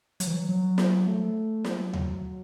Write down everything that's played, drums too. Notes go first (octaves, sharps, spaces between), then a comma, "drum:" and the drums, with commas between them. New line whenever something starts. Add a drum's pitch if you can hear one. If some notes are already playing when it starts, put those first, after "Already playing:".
F#3, drum: hi-hat
E3
F#3
F#3
drum: snare
A3
F#3, drum: snare
F#3, drum: tom D#2